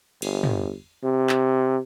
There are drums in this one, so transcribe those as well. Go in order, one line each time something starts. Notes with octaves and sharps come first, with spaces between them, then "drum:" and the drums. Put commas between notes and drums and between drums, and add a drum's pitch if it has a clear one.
G1, drum: cymbal
drum: tom
C3
drum: clap